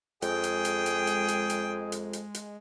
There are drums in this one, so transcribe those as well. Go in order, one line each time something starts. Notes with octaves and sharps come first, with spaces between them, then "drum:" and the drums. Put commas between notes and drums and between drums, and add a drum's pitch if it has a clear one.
F2 G#3 G#4 G5, drum: hi-hat
drum: hi-hat
drum: hi-hat
drum: hi-hat
drum: hi-hat
drum: hi-hat
drum: hi-hat
drum: hi-hat
drum: hi-hat
drum: hi-hat